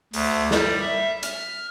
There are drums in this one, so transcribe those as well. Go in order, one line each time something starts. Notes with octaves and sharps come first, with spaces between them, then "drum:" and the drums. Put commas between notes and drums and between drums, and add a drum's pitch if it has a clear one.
D2, drum: open hi-hat
G3, drum: snare
E5
F6, drum: hi-hat